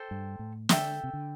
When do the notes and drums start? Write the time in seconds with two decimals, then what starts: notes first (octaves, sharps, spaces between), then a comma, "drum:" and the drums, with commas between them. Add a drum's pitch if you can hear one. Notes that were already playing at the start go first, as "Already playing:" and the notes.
Already playing: A4 C5 G5
0.11 G2
0.39 A2
0.69 D3 A4 E5 G5, drum: snare
1.04 C3
1.13 D3